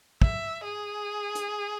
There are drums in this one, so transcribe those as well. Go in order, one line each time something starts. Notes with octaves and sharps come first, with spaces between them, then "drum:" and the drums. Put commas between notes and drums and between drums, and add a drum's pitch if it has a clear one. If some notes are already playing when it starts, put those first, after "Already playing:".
E5, drum: kick
G#4
drum: hi-hat